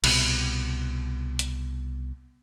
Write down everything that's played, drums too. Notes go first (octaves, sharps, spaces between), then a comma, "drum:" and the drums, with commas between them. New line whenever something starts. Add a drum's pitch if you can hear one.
C2 B2, drum: cymbal
drum: hi-hat